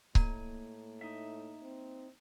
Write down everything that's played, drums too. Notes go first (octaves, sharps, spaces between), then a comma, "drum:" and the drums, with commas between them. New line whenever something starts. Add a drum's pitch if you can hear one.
A2 A#3 A#5 G#6, drum: kick C#1
D#4 E5
C4